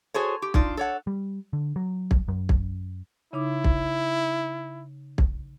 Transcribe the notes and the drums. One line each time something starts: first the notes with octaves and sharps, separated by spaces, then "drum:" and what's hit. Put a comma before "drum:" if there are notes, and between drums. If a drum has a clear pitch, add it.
F#4 G#4 A4 C5 C#5
G4
D4 D#4 F4 D5, drum: kick
A4 C#5 F#5
G3
D3
F#3
drum: kick
F#2
drum: kick
C#3 D#4 E4 D6
drum: kick
drum: kick